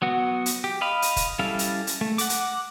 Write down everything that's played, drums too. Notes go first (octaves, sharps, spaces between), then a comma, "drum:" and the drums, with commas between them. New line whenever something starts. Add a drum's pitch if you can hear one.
F#3 B3 F#4
drum: hi-hat
G4
D#5 F5 B5
drum: hi-hat
drum: kick F1, hi-hat
G3 C#4 E4 A4 F5
drum: hi-hat
drum: hi-hat
A3
F#5 D6, drum: hi-hat
drum: hi-hat